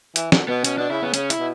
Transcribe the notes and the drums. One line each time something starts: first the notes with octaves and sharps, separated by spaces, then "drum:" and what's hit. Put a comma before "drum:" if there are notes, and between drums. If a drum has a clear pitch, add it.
E3, drum: hi-hat
D3, drum: snare
B2 B3
B2 C#4, drum: hi-hat
B2 D4
C#3 E4
C#3 B3
C#3 C#4, drum: hi-hat
E4, drum: hi-hat
B2